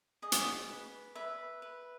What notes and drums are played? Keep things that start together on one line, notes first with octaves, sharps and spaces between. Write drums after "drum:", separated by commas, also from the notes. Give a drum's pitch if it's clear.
G#4 D#5
drum: hi-hat
B4
B4 E5
B4